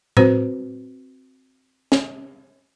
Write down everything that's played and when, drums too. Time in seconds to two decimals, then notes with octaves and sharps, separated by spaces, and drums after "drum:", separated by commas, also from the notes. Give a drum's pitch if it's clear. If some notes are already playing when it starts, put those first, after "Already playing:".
0.17 C4 F#4 B4 C5, drum: tom A2
1.92 drum: snare